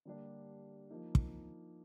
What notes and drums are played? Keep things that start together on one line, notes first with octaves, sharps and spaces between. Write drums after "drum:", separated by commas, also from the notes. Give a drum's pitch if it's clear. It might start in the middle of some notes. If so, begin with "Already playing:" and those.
D3 G3 A#3 D4
F3 A#3 D#4
drum: kick